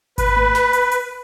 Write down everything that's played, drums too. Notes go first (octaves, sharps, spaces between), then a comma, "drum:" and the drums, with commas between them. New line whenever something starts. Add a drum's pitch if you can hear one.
B4, drum: kick G#1, hi-hat
drum: tom A3
drum: snare
drum: hi-hat
drum: hi-hat